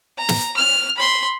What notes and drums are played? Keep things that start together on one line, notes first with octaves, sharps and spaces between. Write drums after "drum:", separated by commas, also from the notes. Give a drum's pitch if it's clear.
A#5
drum: snare
F6
B5 C6